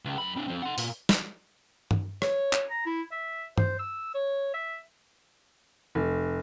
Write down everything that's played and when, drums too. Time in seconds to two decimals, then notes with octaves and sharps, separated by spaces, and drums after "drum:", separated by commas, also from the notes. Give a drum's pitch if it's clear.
0.05 C#2
0.18 F#2 B5
0.36 C4 D4
0.48 F3 C4
0.62 F#5 C6
0.78 A#2, drum: open hi-hat
1.09 drum: snare
1.91 drum: tom G2
2.22 C#5, drum: rim click
2.53 drum: clap
2.70 A#5
2.86 E4
3.12 E5
3.58 C5, drum: tom G2
3.79 E6
4.14 C#5
4.54 E5
5.95 F1